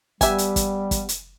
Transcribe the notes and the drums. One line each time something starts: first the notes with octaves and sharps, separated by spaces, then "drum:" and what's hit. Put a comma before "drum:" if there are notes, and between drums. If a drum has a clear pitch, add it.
G3 B3 G4 E5 F#5 G#5, drum: kick, hi-hat
drum: hi-hat
drum: kick, hi-hat
drum: kick, hi-hat
drum: hi-hat